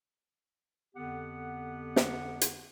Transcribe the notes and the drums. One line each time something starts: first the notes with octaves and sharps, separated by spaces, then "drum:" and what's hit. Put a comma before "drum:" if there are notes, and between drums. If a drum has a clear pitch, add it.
F2 D3 B3 G4 F#5
drum: snare
drum: hi-hat